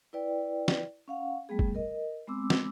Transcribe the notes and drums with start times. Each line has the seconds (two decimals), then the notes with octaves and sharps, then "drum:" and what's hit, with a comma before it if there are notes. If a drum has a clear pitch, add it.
0.13 E4 B4 D5 G5
0.68 drum: snare
1.08 C#4 F5 F#5
1.49 G3 A3 B3 G#4
1.59 drum: kick
1.75 A#4 D#5
2.27 G#3 B3 C4 D6 E6
2.50 drum: snare